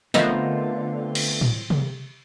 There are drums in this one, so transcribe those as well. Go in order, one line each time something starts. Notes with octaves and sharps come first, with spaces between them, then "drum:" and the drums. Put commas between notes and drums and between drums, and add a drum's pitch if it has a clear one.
D3 A3 B3 C4 F4 A#4 D#5, drum: snare
drum: cymbal
drum: tom A2
drum: tom C3